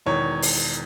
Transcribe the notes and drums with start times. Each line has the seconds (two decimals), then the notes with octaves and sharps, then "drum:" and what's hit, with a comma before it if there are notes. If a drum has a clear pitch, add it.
0.06 E1 E2 D#3 C#5
0.42 drum: open hi-hat